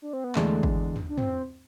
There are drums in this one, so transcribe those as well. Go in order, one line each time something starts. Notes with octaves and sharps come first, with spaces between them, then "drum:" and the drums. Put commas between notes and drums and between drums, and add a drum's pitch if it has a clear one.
D4
C4
B3
E2 D3 G#3 A3 D4, drum: clap
drum: kick
drum: tom
D4
C4, drum: tom